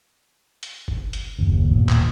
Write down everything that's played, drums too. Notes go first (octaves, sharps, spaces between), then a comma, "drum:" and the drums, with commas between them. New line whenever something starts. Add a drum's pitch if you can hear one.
drum: hi-hat
drum: kick F#1
drum: hi-hat
F#1 D#2
D1 G1 D#2 A#2
drum: clap